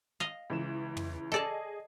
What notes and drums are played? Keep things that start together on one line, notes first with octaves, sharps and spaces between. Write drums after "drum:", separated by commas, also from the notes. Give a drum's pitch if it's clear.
D#5 F5
C#2 E3 E7
drum: tom
G#4 A4 D5 D#5 A5